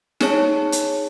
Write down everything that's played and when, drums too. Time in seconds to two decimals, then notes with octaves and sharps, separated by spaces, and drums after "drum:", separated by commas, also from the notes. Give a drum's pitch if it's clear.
0.20 D#4 G#4 C#5 A5, drum: snare
0.72 drum: hi-hat